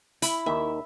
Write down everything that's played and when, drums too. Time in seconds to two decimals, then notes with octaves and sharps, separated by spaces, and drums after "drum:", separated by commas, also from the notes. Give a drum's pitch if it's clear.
0.22 E4 B5, drum: hi-hat
0.46 D#2 D#3 E5